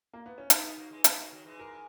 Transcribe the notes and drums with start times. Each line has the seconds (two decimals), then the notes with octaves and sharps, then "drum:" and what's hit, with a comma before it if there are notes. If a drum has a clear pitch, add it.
0.14 A#3
0.26 B3
0.38 C#4
0.50 G#3 B3 D#4, drum: hi-hat
0.63 G#3 B3
0.77 F#3 A#3
0.90 E3 G#3
1.04 G#3 B3, drum: hi-hat
1.18 F#3 A#3
1.32 D#3 F#3
1.45 E3 G#3
1.59 A#4